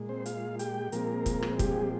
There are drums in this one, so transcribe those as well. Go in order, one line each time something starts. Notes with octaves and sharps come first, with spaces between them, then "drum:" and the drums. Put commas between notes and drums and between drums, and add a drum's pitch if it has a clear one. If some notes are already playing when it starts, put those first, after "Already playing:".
Already playing: A#2 G#3
C4 C5
F4 F5, drum: hi-hat
G4 G5, drum: hi-hat
A#2 F3 G#3 A#3 C4 A#4, drum: hi-hat
drum: kick, hi-hat
drum: rim click
G3 G4, drum: kick, hi-hat
G#4
G4